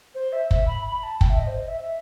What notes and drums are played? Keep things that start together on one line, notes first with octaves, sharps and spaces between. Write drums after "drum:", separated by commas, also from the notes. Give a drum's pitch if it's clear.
C5
E5
E5, drum: kick
B5
B5
A5
G5, drum: kick
E5
D#5
C5
D#5
E5
E5